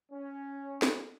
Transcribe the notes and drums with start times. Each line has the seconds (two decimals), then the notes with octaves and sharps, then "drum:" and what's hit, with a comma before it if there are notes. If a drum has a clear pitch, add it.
0.12 C#4
0.82 drum: snare